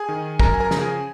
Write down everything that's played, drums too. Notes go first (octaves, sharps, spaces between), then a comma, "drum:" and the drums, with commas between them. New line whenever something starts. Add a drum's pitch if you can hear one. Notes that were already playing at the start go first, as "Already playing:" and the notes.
Already playing: G#4 G#5
D#3
F#2 A#4 A#5, drum: kick
G#5
A#4 A#5
C#3 F3, drum: snare
G#4 G#5